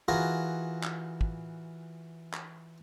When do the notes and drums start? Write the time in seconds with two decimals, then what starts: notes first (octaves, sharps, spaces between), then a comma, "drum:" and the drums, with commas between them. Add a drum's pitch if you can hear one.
0.08 E3 F4 F#4 G#4 A#4
0.83 drum: clap
1.21 drum: kick
2.33 drum: clap